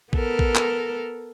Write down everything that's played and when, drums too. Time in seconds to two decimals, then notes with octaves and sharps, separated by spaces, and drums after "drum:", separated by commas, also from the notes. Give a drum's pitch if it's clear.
0.13 B3 A4 A#4, drum: kick A1
0.39 drum: kick A1
0.55 drum: clap